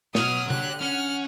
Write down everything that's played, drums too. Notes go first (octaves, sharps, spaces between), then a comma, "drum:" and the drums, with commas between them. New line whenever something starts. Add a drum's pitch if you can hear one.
B2 C#5 F#5 D#6 F6, drum: snare
D3 G4 F#6, drum: tom C3
C#4 F#5 F6